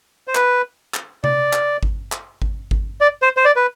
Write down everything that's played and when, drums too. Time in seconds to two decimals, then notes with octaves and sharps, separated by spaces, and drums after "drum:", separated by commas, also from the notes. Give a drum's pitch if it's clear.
0.28 C5
0.35 B4, drum: clap
0.94 drum: clap
1.24 D5, drum: tom C3
1.53 drum: clap
1.83 drum: kick G#1
2.12 drum: clap
2.42 drum: kick G#1
2.71 drum: kick G#1
3.01 D5
3.22 C5
3.37 C5
3.45 D5
3.56 B4